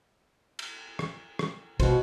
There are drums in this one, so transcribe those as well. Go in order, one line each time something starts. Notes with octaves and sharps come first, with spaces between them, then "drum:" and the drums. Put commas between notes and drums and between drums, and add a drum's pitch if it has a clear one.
drum: cymbal
drum: rim click
drum: rim click
B2 F4 F#4 C5, drum: kick, cymbal